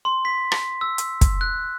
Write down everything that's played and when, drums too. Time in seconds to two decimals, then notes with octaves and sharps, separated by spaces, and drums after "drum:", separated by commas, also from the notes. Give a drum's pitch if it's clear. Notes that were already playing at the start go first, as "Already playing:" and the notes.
0.05 C6
0.25 B6
0.52 drum: rim click
0.81 E6
0.98 drum: hi-hat
1.21 drum: kick, hi-hat
1.41 F#6